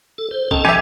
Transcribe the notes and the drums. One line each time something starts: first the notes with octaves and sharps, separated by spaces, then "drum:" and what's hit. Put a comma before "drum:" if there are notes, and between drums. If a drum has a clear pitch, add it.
A4
C5
D#3 C#4 A4 A5, drum: kick B1
F3 G4 E5 G#5